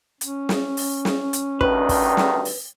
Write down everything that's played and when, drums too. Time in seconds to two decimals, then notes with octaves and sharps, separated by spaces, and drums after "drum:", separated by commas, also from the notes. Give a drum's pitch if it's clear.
0.21 C#4, drum: hi-hat
0.49 drum: snare
0.77 drum: open hi-hat
1.05 drum: snare
1.33 drum: hi-hat
1.61 D2 G2 D#3 B4, drum: kick
1.89 drum: kick, open hi-hat
2.17 drum: snare
2.45 drum: open hi-hat